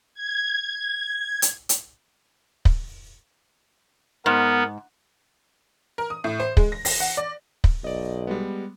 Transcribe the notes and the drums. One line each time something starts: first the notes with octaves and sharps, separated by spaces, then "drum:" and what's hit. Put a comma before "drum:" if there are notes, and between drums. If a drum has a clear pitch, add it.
G#6
drum: hi-hat
drum: hi-hat
drum: kick
G#2 B3 A#4
A#4
D#6
A2
C5
G#3, drum: kick
A#6
A#6, drum: open hi-hat
F#5
D5
drum: kick
B1 D5 D#5
G3 G#3 B3